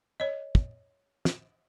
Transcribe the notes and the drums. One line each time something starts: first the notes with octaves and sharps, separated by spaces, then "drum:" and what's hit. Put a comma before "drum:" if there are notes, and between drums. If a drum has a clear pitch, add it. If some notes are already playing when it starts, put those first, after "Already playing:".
C#5 D#5
drum: kick
drum: snare